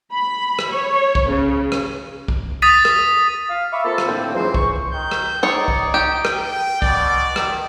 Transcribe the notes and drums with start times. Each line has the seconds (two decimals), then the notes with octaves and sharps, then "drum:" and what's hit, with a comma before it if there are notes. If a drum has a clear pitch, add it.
0.12 B5
0.59 drum: rim click
0.69 C#5
1.15 drum: kick
1.29 C#3
1.72 drum: rim click
2.28 drum: kick
2.62 D#6 A6 B6 D#7
2.85 drum: rim click
3.50 F5
3.73 E5 F5 B5 C#6 D6 E6
3.85 A#3 C4 F4 A4
3.98 drum: rim click
4.08 A2 D3 A#3 C4
4.34 C#2 G#2 E3 F#3 C5
4.54 C#6, drum: kick
4.93 D#3 G6
5.11 drum: rim click
5.43 D#4 G#4 C#5 D5
5.68 drum: kick
5.94 G4
6.25 drum: rim click
6.34 G5
6.82 B2 D5, drum: kick
7.36 D#3, drum: rim click